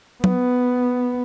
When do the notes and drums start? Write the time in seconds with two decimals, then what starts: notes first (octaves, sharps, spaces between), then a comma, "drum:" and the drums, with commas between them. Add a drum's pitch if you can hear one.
0.24 B3, drum: tom F#3